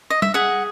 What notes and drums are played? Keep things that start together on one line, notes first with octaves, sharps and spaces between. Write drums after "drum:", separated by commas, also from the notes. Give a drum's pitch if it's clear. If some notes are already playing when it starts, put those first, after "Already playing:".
D#5
E5, drum: tom
G#4 F#5